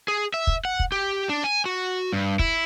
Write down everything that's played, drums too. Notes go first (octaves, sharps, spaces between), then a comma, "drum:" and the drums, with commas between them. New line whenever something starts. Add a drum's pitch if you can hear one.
G#4
E5
drum: kick
F#5
drum: kick
G4
D4
G#5
F#4
G2
E4, drum: kick